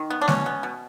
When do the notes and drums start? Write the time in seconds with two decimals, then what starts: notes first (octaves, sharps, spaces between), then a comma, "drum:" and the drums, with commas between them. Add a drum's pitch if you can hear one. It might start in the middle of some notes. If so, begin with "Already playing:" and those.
Already playing: D#3
0.10 B3
0.21 D4
0.28 B2 C#4, drum: snare G#3
0.46 B3
0.63 B2